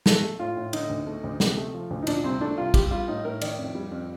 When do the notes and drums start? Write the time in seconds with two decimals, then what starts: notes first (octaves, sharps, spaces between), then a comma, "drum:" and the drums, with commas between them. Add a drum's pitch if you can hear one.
0.06 A3 A4, drum: snare
0.22 A3
0.39 A2 F4
0.57 A2
0.73 D3 D#4, drum: cymbal
0.89 D2
1.07 A3
1.23 D2
1.40 C3, drum: snare
1.57 A3
1.73 F3
1.90 D2
2.03 D#4
2.07 A#2 D4, drum: cymbal
2.24 C2 C4
2.41 A3 D4
2.58 C2 F4
2.74 G3 G4, drum: kick, cymbal
2.91 G3 F4
3.08 A2 D#4
3.25 A2 A#4
3.41 D#3 D5, drum: cymbal
3.58 F2
3.75 G3
3.91 F2